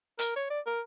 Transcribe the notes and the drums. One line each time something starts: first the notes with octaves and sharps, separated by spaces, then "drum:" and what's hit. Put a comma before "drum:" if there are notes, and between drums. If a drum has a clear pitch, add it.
A#4, drum: hi-hat
C#5
D5
A#4